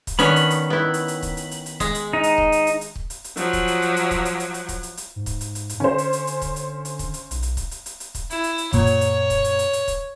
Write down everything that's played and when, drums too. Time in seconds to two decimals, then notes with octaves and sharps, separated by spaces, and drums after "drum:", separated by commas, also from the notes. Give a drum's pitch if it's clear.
0.07 drum: kick, hi-hat
0.19 D#3 B3 C#4 D4 B5, drum: hi-hat
0.36 drum: hi-hat
0.50 drum: hi-hat
0.70 B3 E4
0.94 drum: hi-hat
1.08 drum: hi-hat
1.23 drum: kick, hi-hat
1.37 drum: hi-hat
1.51 drum: hi-hat
1.66 drum: hi-hat
1.80 G#3, drum: kick, hi-hat
1.95 drum: hi-hat
2.13 D#4
2.23 drum: hi-hat
2.38 drum: kick
2.52 drum: hi-hat
2.67 drum: hi-hat
2.81 drum: hi-hat
2.96 drum: kick
3.10 drum: hi-hat
3.24 drum: hi-hat
3.37 F3 F#3, drum: hi-hat
3.53 drum: kick, hi-hat
3.68 drum: hi-hat
3.82 drum: hi-hat
3.96 drum: hi-hat
4.11 drum: kick, hi-hat
4.25 drum: hi-hat
4.40 drum: hi-hat
4.54 drum: hi-hat
4.69 drum: kick, hi-hat
4.83 drum: hi-hat
4.97 drum: hi-hat
5.16 G#2
5.26 drum: kick, hi-hat
5.41 drum: hi-hat
5.55 drum: hi-hat
5.69 drum: hi-hat
5.80 D3 C#4 C5
5.98 drum: hi-hat
6.13 drum: hi-hat
6.27 drum: hi-hat
6.42 drum: kick, hi-hat
6.56 drum: hi-hat
6.85 drum: hi-hat
6.99 drum: kick, hi-hat
7.14 drum: hi-hat
7.31 B1, drum: hi-hat
7.42 drum: hi-hat
7.57 drum: kick, hi-hat
7.71 drum: hi-hat
7.86 drum: hi-hat
8.00 drum: hi-hat
8.15 drum: kick, hi-hat
8.30 E4, drum: hi-hat
8.43 drum: hi-hat
8.58 drum: hi-hat
8.73 F#2 A#2 C#5, drum: kick, hi-hat
8.87 drum: hi-hat
9.01 drum: hi-hat
9.30 drum: kick, hi-hat
9.44 drum: hi-hat
9.59 drum: hi-hat
9.73 drum: hi-hat
9.88 drum: kick, hi-hat